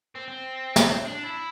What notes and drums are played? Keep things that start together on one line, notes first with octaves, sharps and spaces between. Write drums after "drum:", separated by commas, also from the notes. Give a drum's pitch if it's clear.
C4
C4
drum: snare
D4
E4